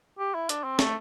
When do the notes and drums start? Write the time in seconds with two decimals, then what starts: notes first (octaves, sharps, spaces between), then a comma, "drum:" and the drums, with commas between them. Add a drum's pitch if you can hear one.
0.19 G4
0.34 E4
0.49 D4, drum: hi-hat
0.64 C4
0.79 A3, drum: snare